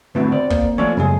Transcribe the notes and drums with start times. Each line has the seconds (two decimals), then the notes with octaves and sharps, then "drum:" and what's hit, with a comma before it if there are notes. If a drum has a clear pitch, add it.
0.15 D3 A3 B3 C4 E4 F#4
0.32 C4 D5
0.50 A#3, drum: kick
0.78 F3 A3 C#4 C#5 D5
0.97 F#2 C#3 G#3 G#4